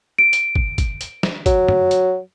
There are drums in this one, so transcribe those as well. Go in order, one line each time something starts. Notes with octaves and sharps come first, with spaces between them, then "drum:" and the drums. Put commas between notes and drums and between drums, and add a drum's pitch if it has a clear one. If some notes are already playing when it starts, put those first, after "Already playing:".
D7
drum: hi-hat
drum: kick
drum: kick, hi-hat
drum: hi-hat
drum: snare
F#3, drum: kick, hi-hat
drum: tom
drum: hi-hat